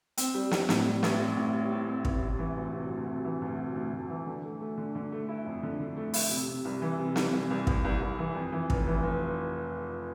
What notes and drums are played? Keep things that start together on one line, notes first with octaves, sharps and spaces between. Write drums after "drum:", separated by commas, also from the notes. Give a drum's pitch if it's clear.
C4, drum: hi-hat
G3
C4, drum: snare
A2, drum: snare
G3
A1, drum: snare
C4
A2
G3
C4
C4
A1, drum: kick
C3
E3
D2
C3
D2
C3
E3
D2
C3
D2
D2
E3
D3
A3
A3
D3
D3
A3
E4
F2
D3
D3
A3
E4, drum: open hi-hat
C3
C3
C2
E3
C3
C2, drum: snare
C2
C2
C2, drum: kick
C2
C2
E3
F2
E3
F1, drum: kick
E3
F1